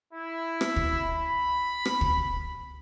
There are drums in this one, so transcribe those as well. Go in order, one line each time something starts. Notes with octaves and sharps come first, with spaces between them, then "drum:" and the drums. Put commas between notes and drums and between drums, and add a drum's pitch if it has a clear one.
E4
drum: rim click
drum: kick
B5
drum: rim click
drum: kick